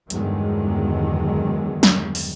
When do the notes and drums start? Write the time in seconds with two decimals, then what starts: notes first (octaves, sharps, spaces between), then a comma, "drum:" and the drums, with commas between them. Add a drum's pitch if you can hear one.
0.10 E2 G2 D3 D#3 F#3 G#3, drum: hi-hat
1.83 drum: snare
2.15 drum: open hi-hat